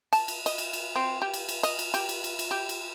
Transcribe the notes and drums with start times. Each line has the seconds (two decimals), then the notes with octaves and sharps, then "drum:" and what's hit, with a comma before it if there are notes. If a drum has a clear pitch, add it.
0.13 A5, drum: cymbal
0.28 drum: cymbal
0.46 D#5, drum: cymbal
0.58 drum: cymbal
0.73 drum: cymbal
0.96 C4
1.22 G4
1.34 drum: cymbal
1.49 drum: cymbal
1.63 D#5, drum: cymbal
1.79 drum: cymbal
1.94 G4, drum: cymbal
2.09 drum: cymbal
2.24 drum: cymbal
2.39 drum: cymbal
2.51 G4
2.69 drum: cymbal